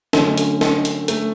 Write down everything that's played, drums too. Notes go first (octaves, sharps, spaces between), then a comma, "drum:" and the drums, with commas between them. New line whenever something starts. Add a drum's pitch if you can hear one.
D3 F#3 A3 C#4, drum: snare
drum: hi-hat
drum: snare
drum: hi-hat
A3, drum: hi-hat